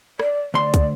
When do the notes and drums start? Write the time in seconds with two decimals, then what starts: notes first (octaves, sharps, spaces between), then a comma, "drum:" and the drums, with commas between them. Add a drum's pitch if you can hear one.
0.20 D5, drum: rim click
0.54 D2 D5 C6
0.74 drum: kick, hi-hat